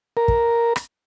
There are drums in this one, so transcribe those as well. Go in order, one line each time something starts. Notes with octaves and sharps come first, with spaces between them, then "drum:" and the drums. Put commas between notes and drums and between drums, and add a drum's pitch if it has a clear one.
A#4
drum: kick
drum: rim click